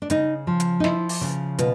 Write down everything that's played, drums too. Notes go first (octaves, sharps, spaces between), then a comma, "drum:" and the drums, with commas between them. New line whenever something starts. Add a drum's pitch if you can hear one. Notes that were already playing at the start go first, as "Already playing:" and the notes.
D4
C#3 D#4, drum: hi-hat
F3
drum: hi-hat
D#4
F3 E4, drum: snare
drum: open hi-hat
C#3
B2 F4, drum: hi-hat